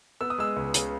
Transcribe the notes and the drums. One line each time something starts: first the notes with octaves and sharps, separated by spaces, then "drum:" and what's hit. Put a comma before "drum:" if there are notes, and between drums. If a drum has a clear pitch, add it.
B3 E6
D#6
G#3 E6
C#2
C#3, drum: hi-hat